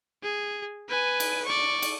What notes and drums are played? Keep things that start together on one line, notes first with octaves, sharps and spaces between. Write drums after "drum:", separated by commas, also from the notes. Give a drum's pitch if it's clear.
G#4
B4 G#5
drum: cymbal
D5 C#6
drum: cymbal